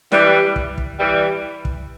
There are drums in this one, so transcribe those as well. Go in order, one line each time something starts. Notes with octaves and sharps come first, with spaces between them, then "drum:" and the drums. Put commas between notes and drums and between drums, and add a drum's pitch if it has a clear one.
E3 G3, drum: snare
drum: kick
drum: kick
E3 G3
drum: kick